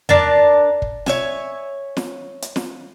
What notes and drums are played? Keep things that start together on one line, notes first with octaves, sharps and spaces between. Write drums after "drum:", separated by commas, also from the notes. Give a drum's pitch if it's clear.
D4 A#4 A5, drum: tom E2
drum: kick
C#5 E5 G#5, drum: snare
drum: snare
drum: hi-hat
drum: snare